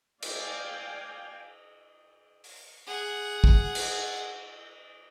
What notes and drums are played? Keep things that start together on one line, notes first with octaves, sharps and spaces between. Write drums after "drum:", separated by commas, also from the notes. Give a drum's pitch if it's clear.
D5 F5 G5 G#5, drum: cymbal
drum: open hi-hat
G#4 F#5
drum: kick
drum: cymbal